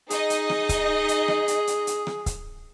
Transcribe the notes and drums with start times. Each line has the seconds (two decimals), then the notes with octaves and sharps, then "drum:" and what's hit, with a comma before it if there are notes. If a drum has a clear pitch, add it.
0.10 D#4 G#4 D#5, drum: hi-hat
0.30 drum: hi-hat
0.50 drum: rim click
0.69 drum: kick C#1, hi-hat
1.08 drum: hi-hat
1.28 drum: rim click
1.48 drum: hi-hat
1.67 drum: hi-hat
1.87 drum: hi-hat
2.07 drum: rim click
2.26 drum: kick C#1, hi-hat